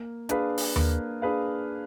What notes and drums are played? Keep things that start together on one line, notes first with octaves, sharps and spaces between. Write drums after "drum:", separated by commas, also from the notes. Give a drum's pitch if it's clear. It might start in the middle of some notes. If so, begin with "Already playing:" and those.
Already playing: A#3
D4 G#4 B4 F5, drum: hi-hat
drum: open hi-hat
A#3, drum: tom D#2
D4 G#4 B4 F5